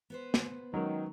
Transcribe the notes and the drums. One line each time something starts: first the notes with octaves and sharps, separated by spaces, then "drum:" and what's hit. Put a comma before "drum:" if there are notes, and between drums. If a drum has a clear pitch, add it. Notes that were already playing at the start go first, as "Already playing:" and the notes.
B3 B4 C5
drum: snare
D#3 F#3 G#3 C#4 A#4